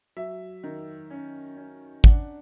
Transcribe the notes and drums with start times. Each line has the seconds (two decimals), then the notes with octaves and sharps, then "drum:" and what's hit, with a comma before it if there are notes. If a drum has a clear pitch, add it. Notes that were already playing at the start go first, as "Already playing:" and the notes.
0.17 F#3 E5
0.64 D#3
1.10 C#4
1.57 C#4
2.04 D4 F#5, drum: kick